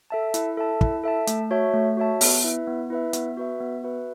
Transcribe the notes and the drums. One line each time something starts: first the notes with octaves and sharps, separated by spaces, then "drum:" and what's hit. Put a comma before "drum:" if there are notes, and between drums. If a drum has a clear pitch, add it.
A4 E5 A5
E4, drum: hi-hat
A4 E5 A5
E4, drum: kick
A4 E5 A5
A3, drum: hi-hat
F#4 C#5 E5 A5
A3
F#4 C#5 E5 A5
B3, drum: open hi-hat
E4 B4 E5
B3
E4 B4 E5
B3, drum: hi-hat
F#4 B4 E5
B3
F#4 B4 E5